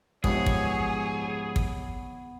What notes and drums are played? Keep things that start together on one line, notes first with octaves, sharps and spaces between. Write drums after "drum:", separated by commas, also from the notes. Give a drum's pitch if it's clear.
G#2 C3 F3 B3 G#4 C#5, drum: kick
drum: kick
drum: kick